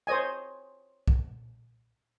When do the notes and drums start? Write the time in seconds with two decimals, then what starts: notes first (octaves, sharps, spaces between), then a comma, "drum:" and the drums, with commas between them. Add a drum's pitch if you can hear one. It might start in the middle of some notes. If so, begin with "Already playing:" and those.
0.07 C5 C#5 D#5 G#5
1.08 drum: kick B1